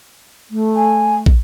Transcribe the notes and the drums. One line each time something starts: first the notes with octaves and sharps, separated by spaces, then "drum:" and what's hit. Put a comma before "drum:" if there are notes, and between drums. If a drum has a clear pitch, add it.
A3
G#5
drum: kick